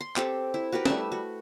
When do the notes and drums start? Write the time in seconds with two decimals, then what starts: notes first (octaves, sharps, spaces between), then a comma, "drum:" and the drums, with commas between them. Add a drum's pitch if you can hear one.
0.01 C6
0.16 C4 G4 A4, drum: clap
0.54 E4
0.72 F#4 G4 A#4 B4
0.85 G3 A3 E5, drum: snare
1.12 F#4